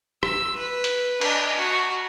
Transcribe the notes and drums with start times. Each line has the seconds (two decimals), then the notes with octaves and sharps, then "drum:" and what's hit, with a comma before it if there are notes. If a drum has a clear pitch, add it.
0.23 E6, drum: rim click
0.56 B4
0.84 drum: hi-hat
1.21 D4 D#5, drum: cymbal
1.56 F#4